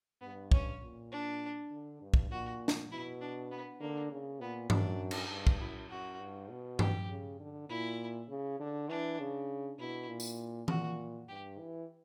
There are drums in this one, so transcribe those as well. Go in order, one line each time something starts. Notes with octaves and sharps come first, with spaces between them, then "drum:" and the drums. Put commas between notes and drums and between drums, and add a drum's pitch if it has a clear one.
G2 B3
C#4, drum: kick
A#2
D4
D3
G2
drum: kick
A#2 F#4
drum: snare
B2 E4
D4
B3
D3 A#3
C#3
A#2 B3
F#2 D4, drum: tom G2
drum: cymbal
G2
drum: kick
F#2 E4
F#2 F#4
G2
B2
G4, drum: tom G2
C#3
D3
A#2 E4
C#3
D3
E3 D4
C#3
B2 E4
A#2
drum: tambourine
A#2 F#4, drum: tom E3
G2 G4
E3